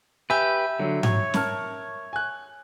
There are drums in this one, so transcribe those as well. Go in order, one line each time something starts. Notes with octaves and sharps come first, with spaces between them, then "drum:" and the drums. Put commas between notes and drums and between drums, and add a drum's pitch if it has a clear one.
G4 B4 E5 G#5 E6 G6
D3 F#3
C#5, drum: tom G#2
A#4 A5 F6, drum: snare
G#5 F#6